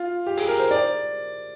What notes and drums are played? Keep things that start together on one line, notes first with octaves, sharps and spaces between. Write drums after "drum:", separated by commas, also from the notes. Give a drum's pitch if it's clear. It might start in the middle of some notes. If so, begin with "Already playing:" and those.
Already playing: F4
G4
G#4, drum: open hi-hat
A#4
C5
D5